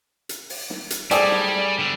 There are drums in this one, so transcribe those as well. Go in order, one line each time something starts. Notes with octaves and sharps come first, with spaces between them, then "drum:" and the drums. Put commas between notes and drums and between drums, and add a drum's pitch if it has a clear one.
drum: hi-hat
drum: open hi-hat
drum: snare
drum: hi-hat
G3 A3 C4 G#4 D5, drum: hi-hat
drum: snare
D3 G3